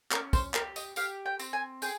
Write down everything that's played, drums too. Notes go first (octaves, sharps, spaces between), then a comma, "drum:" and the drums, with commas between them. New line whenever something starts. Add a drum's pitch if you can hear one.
C#4 A#4, drum: clap
C5, drum: kick, tambourine
G4 A#4, drum: clap
D#5, drum: tambourine
G4 F5, drum: tambourine
G5
C4, drum: tambourine
G#5
G#4 G5, drum: tambourine